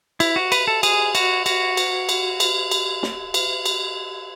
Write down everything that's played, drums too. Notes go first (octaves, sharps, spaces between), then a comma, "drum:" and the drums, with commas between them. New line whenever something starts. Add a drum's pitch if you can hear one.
E4, drum: cymbal
F#4
B4, drum: cymbal
A4
G#4, drum: cymbal
F#4, drum: cymbal
F#4, drum: cymbal
drum: cymbal
drum: cymbal
drum: cymbal
drum: cymbal
drum: snare
drum: cymbal
drum: cymbal